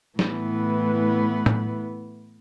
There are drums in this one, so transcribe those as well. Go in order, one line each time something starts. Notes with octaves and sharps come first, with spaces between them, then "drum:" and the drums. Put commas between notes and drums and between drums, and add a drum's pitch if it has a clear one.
A2 E3 B3, drum: snare
drum: tom A2